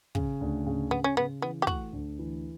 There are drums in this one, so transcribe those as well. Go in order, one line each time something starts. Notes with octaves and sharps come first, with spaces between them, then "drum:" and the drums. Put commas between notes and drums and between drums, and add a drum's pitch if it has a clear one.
C#3, drum: kick
D2
C#3
C#3 B3
C#4
C#3 B3
E3 B3
G4
A3 F#4, drum: kick
D2
E3